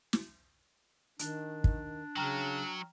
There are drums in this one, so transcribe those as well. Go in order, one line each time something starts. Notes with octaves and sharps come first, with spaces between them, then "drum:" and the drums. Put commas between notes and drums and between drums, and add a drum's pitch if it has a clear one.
drum: snare
D#3 D4, drum: hi-hat
drum: kick
C#3 F#3 G5 A#5 F6